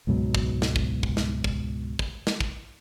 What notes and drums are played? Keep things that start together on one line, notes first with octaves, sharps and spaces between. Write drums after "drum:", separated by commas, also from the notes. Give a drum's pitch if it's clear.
C#2 G#2 B2 F#3
drum: kick
drum: snare
drum: kick
drum: kick
drum: snare
drum: kick
drum: kick
drum: snare
drum: kick